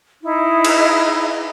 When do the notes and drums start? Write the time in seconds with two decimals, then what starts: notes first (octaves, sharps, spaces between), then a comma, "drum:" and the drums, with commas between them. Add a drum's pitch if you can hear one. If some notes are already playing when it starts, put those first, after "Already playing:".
0.22 D#4 E4
0.65 drum: cymbal